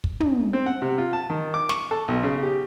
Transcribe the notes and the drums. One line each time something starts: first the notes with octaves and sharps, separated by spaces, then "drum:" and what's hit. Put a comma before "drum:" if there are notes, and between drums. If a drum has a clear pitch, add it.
drum: kick
drum: tom
C4
F#5
C3
F4
A5
D#3
D6
C#6, drum: snare
A4
B1
C#3
G4